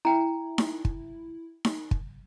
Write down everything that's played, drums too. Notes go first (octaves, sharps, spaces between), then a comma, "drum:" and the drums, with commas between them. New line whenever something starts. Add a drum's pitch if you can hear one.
E4 G5 A#5
drum: snare D#4
drum: kick
drum: snare D#4
drum: kick